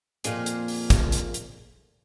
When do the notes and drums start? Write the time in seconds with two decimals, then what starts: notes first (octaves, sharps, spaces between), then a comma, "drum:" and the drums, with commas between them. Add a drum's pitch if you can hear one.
0.24 F2 A#2 A#3 F4 G#4, drum: hi-hat
0.46 drum: hi-hat
0.68 drum: open hi-hat
0.90 drum: kick, hi-hat
1.12 drum: hi-hat
1.34 drum: hi-hat